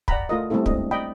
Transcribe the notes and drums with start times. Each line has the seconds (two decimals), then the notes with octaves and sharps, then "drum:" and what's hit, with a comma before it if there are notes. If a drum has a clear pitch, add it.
0.08 D5 F#5 G5 A#5 B5, drum: kick
0.29 A3 F4 A#4 D#5
0.50 G3 A3 B3 C4 E4 A4
0.66 G#3 A3 C4 D4 D#5, drum: kick
0.91 D5 D#5 G5 B5